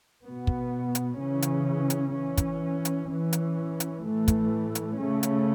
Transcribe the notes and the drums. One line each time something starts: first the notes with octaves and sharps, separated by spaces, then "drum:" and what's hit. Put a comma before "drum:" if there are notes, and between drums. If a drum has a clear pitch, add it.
B2 B3
drum: kick
drum: hi-hat
C#3 E3 C#4
drum: hi-hat
drum: hi-hat
E3 C#4
drum: kick, hi-hat
drum: hi-hat
E3 C#4
drum: hi-hat
drum: hi-hat
A2 E3 A3
drum: kick, hi-hat
drum: hi-hat
C#3 A3 C#4
drum: hi-hat